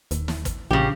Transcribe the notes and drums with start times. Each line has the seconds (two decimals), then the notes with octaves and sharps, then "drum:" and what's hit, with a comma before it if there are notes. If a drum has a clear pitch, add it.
0.11 D#1, drum: hi-hat
0.28 drum: snare
0.45 drum: kick, hi-hat
0.71 A#1 C#3 G4